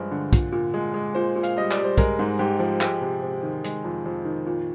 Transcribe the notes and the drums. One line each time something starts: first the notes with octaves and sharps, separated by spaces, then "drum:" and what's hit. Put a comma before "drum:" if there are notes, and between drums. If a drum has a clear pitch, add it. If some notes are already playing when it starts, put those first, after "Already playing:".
Already playing: G2 F3 G#3 C5
D3
A#2, drum: kick, hi-hat
A#2
G#3
G#3
A#2 C5
A#2
F5, drum: hi-hat
G3 D#5
D5, drum: clap
G3
C5
G#3 A#4, drum: kick, hi-hat
G#2
G#2 G4
F3
G#3 G4, drum: clap
C3
C3
D#3
G#3, drum: hi-hat
F2
F2
D#3
A#2